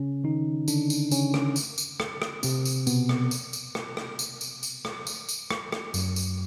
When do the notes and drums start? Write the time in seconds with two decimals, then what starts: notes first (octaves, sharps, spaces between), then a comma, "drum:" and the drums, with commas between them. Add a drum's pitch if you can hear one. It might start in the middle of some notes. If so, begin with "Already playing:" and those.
Already playing: C#3 C#4
0.24 D#3 D#4
0.68 D3 D4, drum: tambourine
0.90 drum: tambourine
1.11 C#3 C#4, drum: tambourine
1.34 drum: rim click
1.56 drum: tambourine
1.78 drum: tambourine
2.00 drum: rim click
2.22 drum: rim click
2.43 C3 C4, drum: tambourine
2.65 drum: tambourine
2.87 B2 B3, drum: tambourine
3.09 drum: rim click
3.31 drum: tambourine
3.53 drum: tambourine
3.75 drum: rim click
3.97 drum: rim click
4.19 drum: tambourine
4.41 drum: tambourine
4.63 drum: tambourine
4.85 drum: rim click
5.07 drum: tambourine
5.29 drum: tambourine
5.51 drum: rim click
5.72 drum: rim click
5.94 F#2 F#3, drum: tambourine
6.16 drum: tambourine